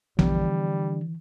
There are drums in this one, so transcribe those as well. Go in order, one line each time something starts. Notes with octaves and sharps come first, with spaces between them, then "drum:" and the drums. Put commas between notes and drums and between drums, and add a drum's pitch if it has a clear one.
D3 E3 F3 G3 B3, drum: tom A#1